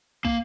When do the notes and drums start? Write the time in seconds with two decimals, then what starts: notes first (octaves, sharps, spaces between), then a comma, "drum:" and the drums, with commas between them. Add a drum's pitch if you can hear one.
0.25 A#3, drum: kick